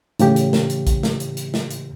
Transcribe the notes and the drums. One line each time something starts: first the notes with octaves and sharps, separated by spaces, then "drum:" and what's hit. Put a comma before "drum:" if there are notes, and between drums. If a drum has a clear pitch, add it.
A2 C#3 E3 G4, drum: hi-hat
drum: hi-hat
drum: snare
drum: hi-hat
drum: kick A#1, hi-hat
drum: snare
drum: hi-hat
drum: hi-hat
drum: snare
drum: hi-hat